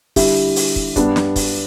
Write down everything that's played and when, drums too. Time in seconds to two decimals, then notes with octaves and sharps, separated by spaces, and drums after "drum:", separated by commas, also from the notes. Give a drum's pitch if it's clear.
0.16 D3 G3 E4 G4 E5, drum: kick, open hi-hat
0.56 drum: open hi-hat
0.76 drum: kick
0.96 G2 G3 B3 D4, drum: kick, hi-hat
1.16 drum: snare
1.36 drum: kick, open hi-hat